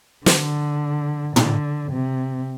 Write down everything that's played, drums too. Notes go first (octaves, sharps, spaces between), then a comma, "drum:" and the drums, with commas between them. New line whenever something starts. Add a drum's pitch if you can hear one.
D3, drum: snare
D3, drum: tom
C3